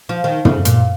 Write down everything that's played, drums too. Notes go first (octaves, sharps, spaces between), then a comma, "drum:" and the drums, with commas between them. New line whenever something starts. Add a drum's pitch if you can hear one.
F3
D#3
C#3, drum: tom
A#2, drum: hi-hat